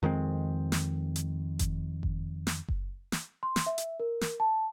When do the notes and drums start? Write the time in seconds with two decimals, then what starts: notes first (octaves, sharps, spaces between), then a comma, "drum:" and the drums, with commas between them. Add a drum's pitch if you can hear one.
0.03 F2 D#3 G#3 C4
0.72 drum: snare
1.16 drum: hi-hat
1.59 drum: kick F#1, hi-hat
2.03 drum: kick F#1
2.47 drum: snare
2.68 drum: kick F#1
3.12 drum: snare
3.43 C6
3.56 drum: snare
3.66 E5
3.78 drum: hi-hat
4.00 A#4
4.21 drum: snare
4.40 A5